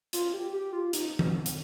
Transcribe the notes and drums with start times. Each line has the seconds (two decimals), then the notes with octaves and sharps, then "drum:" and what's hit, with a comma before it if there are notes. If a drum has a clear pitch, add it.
0.13 F4, drum: hi-hat
0.33 G4
0.53 G4
0.73 F4
0.93 D#4, drum: hi-hat
1.19 drum: tom E3
1.46 drum: hi-hat